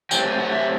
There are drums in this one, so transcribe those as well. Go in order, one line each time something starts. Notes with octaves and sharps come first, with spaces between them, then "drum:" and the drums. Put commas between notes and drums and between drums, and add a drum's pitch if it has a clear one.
C3 F#3 A3 G5, drum: tambourine
G5
F#5
E5